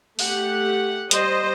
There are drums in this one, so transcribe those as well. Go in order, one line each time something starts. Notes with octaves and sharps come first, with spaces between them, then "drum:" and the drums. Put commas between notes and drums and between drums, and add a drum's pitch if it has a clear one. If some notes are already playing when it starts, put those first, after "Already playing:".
A3 G4 F#5, drum: open hi-hat
G3 C5 D#5, drum: hi-hat